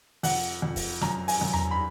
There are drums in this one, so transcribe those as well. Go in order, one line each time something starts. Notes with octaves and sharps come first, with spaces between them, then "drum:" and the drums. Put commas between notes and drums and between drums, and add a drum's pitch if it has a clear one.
F2 F#5, drum: open hi-hat
F2
drum: kick, open hi-hat
F#2 A#5, drum: snare
G#5, drum: open hi-hat
F#2
A#5, drum: tom E2
B5